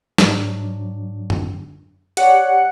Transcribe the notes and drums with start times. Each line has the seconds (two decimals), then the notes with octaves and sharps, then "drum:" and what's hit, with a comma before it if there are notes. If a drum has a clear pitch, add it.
0.18 G#2 F#3 D4, drum: snare
1.30 drum: tom F#2
2.17 G4 C#5 D5 F#5, drum: hi-hat